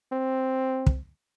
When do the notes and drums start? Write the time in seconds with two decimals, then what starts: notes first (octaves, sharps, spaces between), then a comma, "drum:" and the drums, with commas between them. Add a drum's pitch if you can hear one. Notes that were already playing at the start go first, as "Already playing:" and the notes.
0.12 C4
0.87 drum: kick